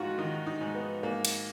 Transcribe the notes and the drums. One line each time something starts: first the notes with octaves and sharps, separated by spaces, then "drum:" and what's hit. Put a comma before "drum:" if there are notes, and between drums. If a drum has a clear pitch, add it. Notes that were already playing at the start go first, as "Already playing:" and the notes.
Already playing: G#2 D#3 F4 F#4
D#3 D#4
D#4
G#2
B3
G#2 A#3
drum: cymbal